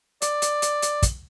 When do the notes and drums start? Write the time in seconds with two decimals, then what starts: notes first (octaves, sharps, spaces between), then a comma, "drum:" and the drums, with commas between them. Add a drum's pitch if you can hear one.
0.22 D5, drum: hi-hat
0.42 drum: hi-hat
0.62 drum: hi-hat
0.82 drum: hi-hat
1.02 drum: kick, hi-hat